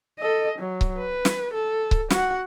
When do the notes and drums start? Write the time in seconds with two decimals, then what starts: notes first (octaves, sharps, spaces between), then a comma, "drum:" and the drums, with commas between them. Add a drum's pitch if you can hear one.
0.19 A4 D#5
0.59 F#3
0.81 drum: kick C#1
0.98 B4
1.25 drum: snare
1.54 A4
1.91 drum: kick C#1
2.10 F#4 F#5, drum: snare